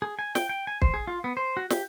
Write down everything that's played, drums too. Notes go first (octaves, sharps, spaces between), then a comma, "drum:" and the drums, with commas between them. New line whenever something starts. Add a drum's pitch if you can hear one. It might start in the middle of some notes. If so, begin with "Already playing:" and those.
G#4
G#5
G5, drum: snare
G5
G#5
C5, drum: kick
G#4
F4
B3
C5
F#4
G4, drum: snare